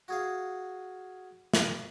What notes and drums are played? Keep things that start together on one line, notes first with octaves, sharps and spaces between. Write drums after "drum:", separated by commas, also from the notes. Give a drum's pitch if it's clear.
F#4 G#4 F5
drum: snare